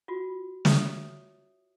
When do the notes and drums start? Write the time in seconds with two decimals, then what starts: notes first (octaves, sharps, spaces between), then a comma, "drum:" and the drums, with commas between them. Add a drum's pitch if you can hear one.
0.08 F4 F#4
0.65 C#5 E5 D#6, drum: snare